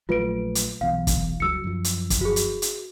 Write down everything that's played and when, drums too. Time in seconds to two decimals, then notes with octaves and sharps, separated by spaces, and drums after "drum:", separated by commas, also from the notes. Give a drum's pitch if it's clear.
0.09 A#1 F#3 A3 F4 B4 D7
0.55 drum: hi-hat
0.81 B1 E2 F5
1.07 drum: kick, hi-hat
1.40 C#2 F3 F#3 E6 C#7
1.64 F#2 F3
1.84 drum: hi-hat
2.10 drum: kick, hi-hat
2.21 F#4 G#4
2.36 drum: hi-hat
2.62 drum: hi-hat